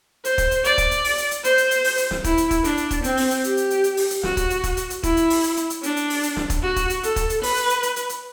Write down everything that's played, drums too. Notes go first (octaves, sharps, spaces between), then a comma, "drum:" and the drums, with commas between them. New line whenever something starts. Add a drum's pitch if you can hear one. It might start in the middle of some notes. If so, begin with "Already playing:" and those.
C5, drum: hi-hat
drum: kick, hi-hat
drum: hi-hat
D5, drum: hi-hat
drum: kick, hi-hat
drum: hi-hat
drum: open hi-hat
drum: hi-hat
drum: hi-hat
C5, drum: hi-hat
drum: hi-hat
drum: hi-hat
drum: open hi-hat
drum: hi-hat
drum: snare
E4, drum: kick, hi-hat
drum: hi-hat
drum: kick, hi-hat
D4, drum: hi-hat
drum: hi-hat
drum: kick, hi-hat
C4, drum: hi-hat
drum: open hi-hat
drum: hi-hat
G4, drum: hi-hat
drum: hi-hat
drum: hi-hat
drum: hi-hat
drum: open hi-hat
drum: hi-hat
F#4, drum: snare
drum: kick, hi-hat
drum: hi-hat
drum: kick, hi-hat
drum: hi-hat
drum: hi-hat
E4, drum: kick, hi-hat
drum: hi-hat
drum: open hi-hat
drum: hi-hat
drum: hi-hat
drum: hi-hat
D4, drum: hi-hat
drum: hi-hat
drum: open hi-hat
drum: hi-hat
drum: snare
drum: kick, hi-hat
F#4
drum: kick, hi-hat
drum: hi-hat
A4, drum: hi-hat
drum: kick, hi-hat
drum: hi-hat
B4, drum: open hi-hat
drum: hi-hat
drum: hi-hat
drum: hi-hat
drum: hi-hat
drum: hi-hat